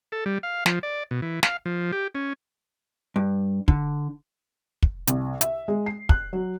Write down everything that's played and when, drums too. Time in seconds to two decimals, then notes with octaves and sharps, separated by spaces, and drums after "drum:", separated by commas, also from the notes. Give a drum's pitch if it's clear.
0.12 A4
0.26 G3
0.43 F5
0.66 F3, drum: snare
0.83 D5
1.11 B2
1.22 E3
1.43 F5, drum: snare
1.66 F3
1.92 G4
2.15 C#4
3.16 G2
3.68 D3, drum: kick
4.83 drum: kick
5.07 C2, drum: hi-hat
5.41 E5, drum: hi-hat
5.68 G#3
5.86 C7
6.09 F#6, drum: kick
6.33 F#3